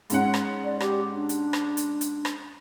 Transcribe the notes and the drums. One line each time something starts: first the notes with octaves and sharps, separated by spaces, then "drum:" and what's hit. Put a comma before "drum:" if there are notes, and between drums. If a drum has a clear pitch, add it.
G#2 C#4 F#5, drum: hi-hat
drum: rim click
D5
G4, drum: rim click
D4
drum: hi-hat
drum: rim click
drum: hi-hat
drum: hi-hat
drum: rim click